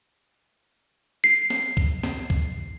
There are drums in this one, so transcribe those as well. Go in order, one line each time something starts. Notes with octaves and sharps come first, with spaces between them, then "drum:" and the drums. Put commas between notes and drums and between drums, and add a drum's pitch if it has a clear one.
C7
drum: snare
drum: kick C2
drum: snare
drum: kick C2